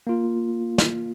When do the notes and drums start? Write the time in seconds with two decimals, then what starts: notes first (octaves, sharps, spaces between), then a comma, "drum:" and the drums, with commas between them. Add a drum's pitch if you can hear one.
0.07 A#3 F4
0.78 drum: snare